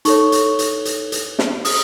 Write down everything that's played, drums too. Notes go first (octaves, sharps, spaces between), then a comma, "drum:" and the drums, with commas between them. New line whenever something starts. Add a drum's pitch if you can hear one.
D#4 A4 C#5 C#6, drum: hi-hat
drum: hi-hat
drum: hi-hat
drum: hi-hat
drum: hi-hat
drum: snare
D#6, drum: open hi-hat